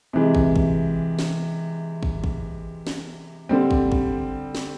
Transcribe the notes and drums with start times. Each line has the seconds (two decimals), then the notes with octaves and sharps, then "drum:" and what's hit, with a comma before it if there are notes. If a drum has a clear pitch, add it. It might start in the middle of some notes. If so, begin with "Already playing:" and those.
0.13 C3 E3 G#3
0.35 drum: kick
0.56 drum: kick
1.19 drum: snare
2.03 drum: kick
2.24 drum: kick
2.87 drum: snare
3.49 D3 G3 C4
3.71 drum: kick
3.92 drum: kick
4.55 drum: snare